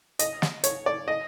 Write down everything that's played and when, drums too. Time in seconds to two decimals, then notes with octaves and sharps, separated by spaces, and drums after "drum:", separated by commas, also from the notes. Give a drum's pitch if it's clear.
0.19 D#5, drum: hi-hat
0.42 drum: snare
0.64 C#5, drum: hi-hat
0.86 D5
1.08 D#5